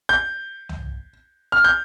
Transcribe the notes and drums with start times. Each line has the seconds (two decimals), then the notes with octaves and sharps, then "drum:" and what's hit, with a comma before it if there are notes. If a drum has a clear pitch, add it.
0.09 G6
0.69 drum: tom
1.52 F6
1.64 G6